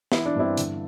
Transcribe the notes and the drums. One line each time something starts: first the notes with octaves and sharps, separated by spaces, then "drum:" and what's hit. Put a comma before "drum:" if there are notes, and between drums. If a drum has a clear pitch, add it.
E3 E4, drum: snare
D4
G2 C4 E4
D3, drum: hi-hat